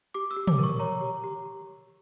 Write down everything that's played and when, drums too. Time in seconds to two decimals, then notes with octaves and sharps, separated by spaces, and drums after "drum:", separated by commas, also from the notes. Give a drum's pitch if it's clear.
0.14 G4 D6
0.31 E6
0.36 G4
0.47 D6, drum: tom
0.59 A#4 C#6
0.79 C#5 A#5
1.01 G4
1.24 G4